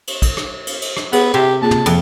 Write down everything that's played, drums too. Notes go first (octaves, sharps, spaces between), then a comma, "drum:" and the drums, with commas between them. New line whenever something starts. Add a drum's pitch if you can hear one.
drum: cymbal
drum: kick A#1, cymbal
drum: rim click
drum: cymbal
drum: cymbal
drum: rim click
B3 G#4, drum: cymbal
C3 G4
A#3 F4 G#4 A5
drum: tom
F2, drum: cymbal